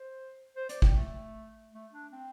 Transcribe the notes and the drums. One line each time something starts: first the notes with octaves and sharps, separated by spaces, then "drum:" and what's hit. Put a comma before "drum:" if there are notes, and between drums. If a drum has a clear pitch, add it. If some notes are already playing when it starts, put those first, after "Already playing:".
Already playing: C5
C5
D5, drum: hi-hat
C4, drum: kick G#1
A3
A3
D4
C4